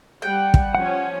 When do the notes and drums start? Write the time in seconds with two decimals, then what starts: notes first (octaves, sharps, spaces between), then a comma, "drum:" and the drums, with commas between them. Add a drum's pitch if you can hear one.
0.22 G3 F#5 G5
0.54 drum: kick
0.75 F3 C#4 F#5